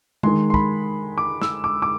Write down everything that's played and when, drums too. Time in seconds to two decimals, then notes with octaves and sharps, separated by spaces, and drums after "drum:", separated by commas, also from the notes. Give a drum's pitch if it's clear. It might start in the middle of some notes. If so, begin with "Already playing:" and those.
0.23 D#3 G#3 C6, drum: tom D3
0.50 C6
0.54 B5, drum: kick
1.18 D6
1.42 E6, drum: snare
1.64 D6
1.82 D6